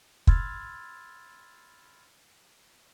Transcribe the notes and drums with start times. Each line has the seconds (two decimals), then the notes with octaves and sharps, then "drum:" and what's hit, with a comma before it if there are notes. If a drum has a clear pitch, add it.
0.27 B5 C6 E6 F6 G#6 A6, drum: kick